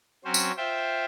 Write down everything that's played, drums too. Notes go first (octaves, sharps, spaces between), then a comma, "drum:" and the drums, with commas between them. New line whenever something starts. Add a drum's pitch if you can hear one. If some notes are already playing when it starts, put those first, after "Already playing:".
F#3 C4 C#4 C5
drum: tambourine
F4 C5 E5 G5